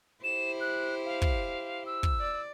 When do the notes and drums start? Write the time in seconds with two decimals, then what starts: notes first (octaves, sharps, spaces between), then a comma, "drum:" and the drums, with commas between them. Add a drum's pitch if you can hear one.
0.24 E4 G4 C5 E7
0.61 F#6
1.05 F5
1.22 drum: kick
1.86 E6
2.03 drum: kick
2.20 D5